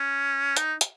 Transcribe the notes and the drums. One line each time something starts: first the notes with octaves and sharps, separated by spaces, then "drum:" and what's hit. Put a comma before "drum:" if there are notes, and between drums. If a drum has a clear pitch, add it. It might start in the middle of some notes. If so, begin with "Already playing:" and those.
Already playing: C#4
D#4, drum: hi-hat
drum: hi-hat